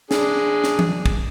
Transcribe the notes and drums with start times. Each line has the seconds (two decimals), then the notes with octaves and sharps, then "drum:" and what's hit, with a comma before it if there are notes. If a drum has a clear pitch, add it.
0.11 D4 G#4, drum: snare
0.64 drum: snare
0.79 drum: tom E3
1.06 drum: kick